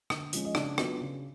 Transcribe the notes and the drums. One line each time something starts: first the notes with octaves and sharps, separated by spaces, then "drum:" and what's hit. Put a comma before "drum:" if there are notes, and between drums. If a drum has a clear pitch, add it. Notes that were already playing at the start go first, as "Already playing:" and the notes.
D3, drum: rim click
F3 G#3 C#4, drum: hi-hat
D#5
C#3 D4 D5, drum: rim click
F#3 B3 D4 F4, drum: rim click
C#3